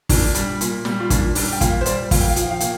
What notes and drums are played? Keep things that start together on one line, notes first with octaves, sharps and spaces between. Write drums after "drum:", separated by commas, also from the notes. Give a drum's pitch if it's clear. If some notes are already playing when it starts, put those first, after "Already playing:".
A#2 D4, drum: kick, open hi-hat
G3, drum: hi-hat
A#2, drum: hi-hat
G3, drum: snare
F4
A#2 D4, drum: kick, hi-hat
G3 D4, drum: open hi-hat
G5
A#2 F5, drum: kick, hi-hat
C5
G3 D5, drum: hi-hat
A#2 F5, drum: kick, open hi-hat
G5
F5
F3 G5, drum: hi-hat
F5
A#2 G5, drum: hi-hat